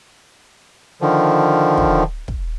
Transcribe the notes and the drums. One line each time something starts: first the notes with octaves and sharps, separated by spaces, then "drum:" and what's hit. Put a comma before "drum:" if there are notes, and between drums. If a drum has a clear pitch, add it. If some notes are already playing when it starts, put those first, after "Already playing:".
D3 D#3 F3
drum: kick
drum: kick